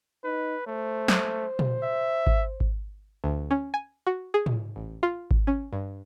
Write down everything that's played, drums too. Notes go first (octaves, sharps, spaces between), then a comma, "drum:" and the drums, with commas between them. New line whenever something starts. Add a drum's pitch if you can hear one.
D#4 B4
A3 C5
drum: snare
drum: tom
E5
drum: kick G#1
drum: kick G#1
D2
C#4
G#5
F#4
G#4
drum: tom
A1
F4
drum: kick G#1
C#4
G2